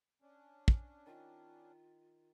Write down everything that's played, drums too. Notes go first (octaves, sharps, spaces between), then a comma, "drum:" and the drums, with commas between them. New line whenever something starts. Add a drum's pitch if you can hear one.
C#4 D4
drum: kick
D#3 F4